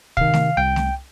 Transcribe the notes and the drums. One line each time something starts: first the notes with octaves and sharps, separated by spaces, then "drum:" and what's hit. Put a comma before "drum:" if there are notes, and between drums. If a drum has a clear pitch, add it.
C3 D#3 F5, drum: kick
drum: snare A3
C2 G5
drum: snare A3